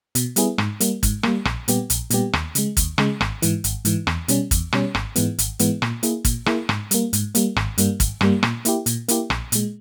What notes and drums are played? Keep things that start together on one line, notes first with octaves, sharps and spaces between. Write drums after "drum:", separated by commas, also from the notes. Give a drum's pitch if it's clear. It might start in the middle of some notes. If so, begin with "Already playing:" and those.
B2, drum: hi-hat
G3 B3 E4 G#4, drum: hi-hat
G#2, drum: rim click
G3 A#3, drum: hi-hat
G#2, drum: kick G#1, hi-hat
G3 A#3, drum: rim click
A#1, drum: rim click
A#2 G3 B3 G4, drum: hi-hat
A#1, drum: hi-hat
A#2 G3 B3 G4, drum: hi-hat
D#2, drum: rim click
C#3 G#3, drum: hi-hat
D#2, drum: kick G#1, hi-hat
C#3 G#3, drum: rim click
G#1, drum: rim click
G#2 E3, drum: hi-hat
G#1, drum: hi-hat
G#2 E3, drum: hi-hat
E2, drum: rim click
B2 G3 C#4, drum: hi-hat
E2, drum: kick G#1, hi-hat
B2 G3 C#4, drum: rim click
G#1, drum: rim click
G#2 E3 G#3 B3, drum: hi-hat
G#1, drum: hi-hat
G#2 E3 G#3 B3, drum: hi-hat
A#2, drum: rim click
A#3 E4 G#4, drum: hi-hat
A#2, drum: kick G#1, hi-hat
A#3 E4 G#4, drum: rim click
G#2, drum: rim click
G3 A#3, drum: hi-hat
G#2, drum: hi-hat
G3 A#3, drum: hi-hat
G#1, drum: rim click
G2 G3 A#3, drum: hi-hat
G#1, drum: kick G#1, hi-hat
G2 G3 A#3, drum: rim click
A#2, drum: rim click
A#3 E4 G4, drum: hi-hat
A#2, drum: hi-hat
A#3 E4 G4, drum: hi-hat
A#1, drum: rim click
A#2 G#3, drum: hi-hat